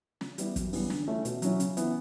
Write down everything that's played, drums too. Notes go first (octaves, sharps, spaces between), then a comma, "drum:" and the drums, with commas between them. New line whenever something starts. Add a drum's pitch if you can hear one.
C#3, drum: snare
G3 B3 E4, drum: hi-hat
F#2, drum: kick, hi-hat
C#3 E3 G3 B3, drum: open hi-hat
D3, drum: snare
A3 C#4 E4
B2, drum: hi-hat
F#3 C#4 E4, drum: hi-hat
C#3, drum: hi-hat
E3 B3 E4, drum: hi-hat